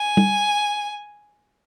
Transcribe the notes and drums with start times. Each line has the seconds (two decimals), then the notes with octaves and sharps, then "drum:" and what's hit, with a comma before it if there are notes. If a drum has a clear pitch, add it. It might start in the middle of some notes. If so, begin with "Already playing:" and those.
Already playing: G#5
0.17 drum: tom G3